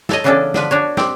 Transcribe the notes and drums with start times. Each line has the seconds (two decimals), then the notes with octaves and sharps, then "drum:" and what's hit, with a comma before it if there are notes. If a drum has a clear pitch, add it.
0.09 A4 C#5 D#5, drum: snare
0.24 C#3 E3 B3 C#4 D4 A4
0.54 D3 F3 B4, drum: snare
0.71 D4 F#4 C#5
0.97 C4 G4, drum: snare